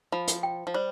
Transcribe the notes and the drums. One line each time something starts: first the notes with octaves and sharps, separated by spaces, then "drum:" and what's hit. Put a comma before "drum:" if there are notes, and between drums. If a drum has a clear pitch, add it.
F3 B5
drum: hi-hat
G5
F3
G3 C5